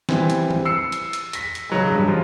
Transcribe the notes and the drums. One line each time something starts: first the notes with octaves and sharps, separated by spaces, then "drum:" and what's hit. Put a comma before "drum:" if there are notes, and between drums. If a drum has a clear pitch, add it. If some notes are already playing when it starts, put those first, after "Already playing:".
E3 G3 C4, drum: snare
drum: hi-hat
drum: tom
E6 C7 C#7
drum: hi-hat
drum: hi-hat
A#6 B6, drum: hi-hat
drum: hi-hat
C#3 F#3 G#3
G2 G3
F3